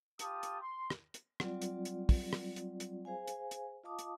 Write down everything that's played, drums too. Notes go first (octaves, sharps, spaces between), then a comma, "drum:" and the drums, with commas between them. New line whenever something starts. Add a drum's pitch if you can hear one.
F4 G4 A5 D#6, drum: hi-hat
drum: hi-hat
C6
drum: rim click
drum: hi-hat
F#3 G3 C4 F4 D5, drum: rim click
drum: hi-hat
drum: hi-hat
drum: kick, open hi-hat
drum: rim click
drum: hi-hat
drum: hi-hat
G#4 C5 F5 G#5
drum: hi-hat
drum: hi-hat
F4 D#5 F5 A5 D6 D#6
drum: hi-hat